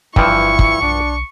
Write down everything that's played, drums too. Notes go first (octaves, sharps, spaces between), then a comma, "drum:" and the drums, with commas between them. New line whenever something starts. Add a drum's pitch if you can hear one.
G1 G2 E3 F3 E4 C#6, drum: kick
drum: kick
B1 D4